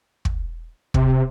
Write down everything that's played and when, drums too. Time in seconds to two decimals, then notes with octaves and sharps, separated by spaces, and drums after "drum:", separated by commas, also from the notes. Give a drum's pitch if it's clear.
0.25 drum: kick
0.94 C3, drum: kick